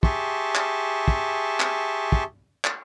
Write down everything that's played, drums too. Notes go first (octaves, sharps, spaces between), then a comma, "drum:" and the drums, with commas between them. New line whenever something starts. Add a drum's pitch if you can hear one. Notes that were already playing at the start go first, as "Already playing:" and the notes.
G4 G#4 E5 A5 C6 C#6, drum: kick
drum: clap
drum: kick
drum: clap
drum: kick
drum: clap